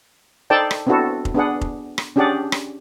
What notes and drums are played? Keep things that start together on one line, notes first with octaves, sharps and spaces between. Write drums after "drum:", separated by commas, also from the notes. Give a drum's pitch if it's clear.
D#4 A4 C5 D5 G5 A5
drum: rim click
B3 C4 D4 E4 F#4 A4
drum: kick F1
B3 D4 G#4 F#5
drum: kick F1
drum: rim click
C#4 D4 G4 G#4 D5 F#5
drum: rim click